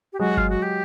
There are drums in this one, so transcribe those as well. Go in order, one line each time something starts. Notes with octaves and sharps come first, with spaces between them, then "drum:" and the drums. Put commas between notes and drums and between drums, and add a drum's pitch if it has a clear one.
G4
F#3 G#3 F#4
F4, drum: kick G1
F#4
G4